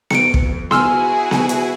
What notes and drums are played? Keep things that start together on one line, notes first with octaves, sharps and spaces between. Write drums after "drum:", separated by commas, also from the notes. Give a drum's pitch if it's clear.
F2 C#7 D7, drum: snare B3
drum: kick
E4 F#4 G#4 G#5 C6 E6 F6, drum: snare B3
drum: snare B3
drum: hi-hat